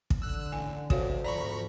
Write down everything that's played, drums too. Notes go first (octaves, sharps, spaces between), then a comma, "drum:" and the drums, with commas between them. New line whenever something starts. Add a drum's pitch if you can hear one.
drum: kick
D3 E6 F#6
A1 G#5
D2 C3 F#4 C#5 F5, drum: kick
E2 G#2 F3 D5 A#5 B5 C#6